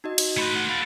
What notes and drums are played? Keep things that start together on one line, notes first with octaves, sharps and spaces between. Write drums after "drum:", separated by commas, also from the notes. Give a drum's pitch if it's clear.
D#4 F#4 D#5
drum: cymbal
A3 B4 B5 C6
F#5
A4 F5 B5 D7